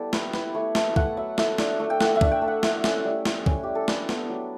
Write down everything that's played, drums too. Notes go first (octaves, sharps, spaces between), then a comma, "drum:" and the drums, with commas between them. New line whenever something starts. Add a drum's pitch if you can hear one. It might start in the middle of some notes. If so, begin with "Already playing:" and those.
Already playing: G3 B3 E4 G4 A4
A3 B4, drum: snare
E4 B4, drum: snare
A3 C#5
E4 A5, drum: snare
A3 F#5, drum: kick C2
F#3 E5
A3 E5, drum: snare
D4, drum: snare
A3
G5
A3 F#5, drum: snare
E5
D4, drum: kick C2
G5
A3
F#5
E4, drum: snare
C#4, drum: snare
G3
E4, drum: snare
C#4, drum: kick C2
G3 G4
A4
D4 B4, drum: snare
B3, drum: snare
F#3